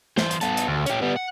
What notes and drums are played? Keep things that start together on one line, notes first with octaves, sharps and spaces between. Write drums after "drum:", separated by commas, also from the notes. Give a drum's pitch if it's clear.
E3 C5, drum: snare
drum: hi-hat
B3 A4, drum: hi-hat
drum: hi-hat
D2
C#4 G4, drum: hi-hat
G3 B3
F#5